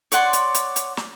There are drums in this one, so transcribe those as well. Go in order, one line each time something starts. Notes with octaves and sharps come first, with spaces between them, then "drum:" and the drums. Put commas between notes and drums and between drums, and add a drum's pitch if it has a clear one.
C#5 D5 F#5 C6, drum: hi-hat
drum: hi-hat
drum: hi-hat
drum: hi-hat
drum: snare